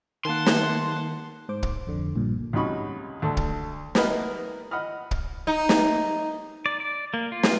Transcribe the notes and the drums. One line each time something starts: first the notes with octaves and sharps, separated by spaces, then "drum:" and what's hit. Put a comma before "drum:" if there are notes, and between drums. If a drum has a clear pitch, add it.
D#3 A#3 F#5 A5 C6
drum: snare
G#2 C5 D6
drum: kick
F2 D3
A#1 G2 A#2
C#2 C3 F#3 D#4 B5 C#6
D2 A4
drum: kick
B3 F#4 A#4 B4 D#5 B5, drum: snare
D#5 F#5 B5 D#6 F6
drum: kick
D#4
drum: snare
D5
D5
A#3
F4
drum: snare